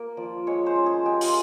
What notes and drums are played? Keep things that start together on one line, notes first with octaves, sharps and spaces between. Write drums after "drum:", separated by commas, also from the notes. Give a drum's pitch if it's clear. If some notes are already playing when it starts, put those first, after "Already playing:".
Already playing: A#3
F3 D5
G#3 C#5
C5
C#4
G#4
G#3 G4
F4, drum: open hi-hat